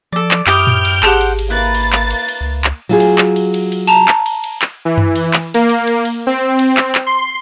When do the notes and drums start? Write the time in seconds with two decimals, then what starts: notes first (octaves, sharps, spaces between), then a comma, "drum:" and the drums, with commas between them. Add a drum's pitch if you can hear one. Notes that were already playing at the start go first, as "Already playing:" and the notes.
0.12 F3 A4 D5
0.31 drum: clap
0.47 F#2 E4 G4 D#6 F6 G6 D7, drum: clap
0.67 drum: tom A2
0.85 drum: cymbal
1.03 G#1 G4 G#4 C5 F#5 A5, drum: clap
1.21 drum: cymbal
1.39 drum: cymbal
1.50 A#3 E4 B4 A6
1.75 drum: cymbal
1.93 drum: clap
2.10 drum: cymbal
2.28 drum: cymbal
2.41 C#2
2.64 drum: clap
2.89 F#3 F4 G#4
3.00 drum: cymbal
3.18 drum: clap
3.36 drum: cymbal
3.54 drum: cymbal
3.72 drum: cymbal
3.87 A5 A#5, drum: cymbal
4.08 drum: clap
4.26 drum: cymbal
4.44 drum: cymbal
4.62 drum: clap
4.85 E3
4.98 drum: tom F#2
5.16 drum: cymbal
5.33 drum: clap
5.54 A#3, drum: cymbal
5.69 drum: cymbal
5.87 drum: cymbal
6.05 drum: cymbal
6.27 C4
6.59 drum: cymbal
6.77 drum: clap
6.95 drum: clap
7.07 C6